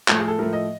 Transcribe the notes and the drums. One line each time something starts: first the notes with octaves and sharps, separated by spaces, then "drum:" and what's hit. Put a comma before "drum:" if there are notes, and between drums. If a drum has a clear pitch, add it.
A2 F3 A3 A4, drum: clap
G#4
A4
A2 F3 A3 A#4
D#5